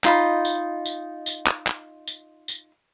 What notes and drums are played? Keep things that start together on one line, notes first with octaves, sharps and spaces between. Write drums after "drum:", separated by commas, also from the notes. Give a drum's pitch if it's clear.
D#4 F4 D#5 B5, drum: clap
drum: tambourine
drum: tambourine
drum: tambourine
drum: clap
drum: clap
drum: tambourine
drum: tambourine